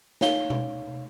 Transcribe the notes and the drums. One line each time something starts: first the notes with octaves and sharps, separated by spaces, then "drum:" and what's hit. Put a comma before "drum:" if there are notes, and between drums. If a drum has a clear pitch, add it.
D#4 C#5 F5 G7, drum: snare
drum: tom B2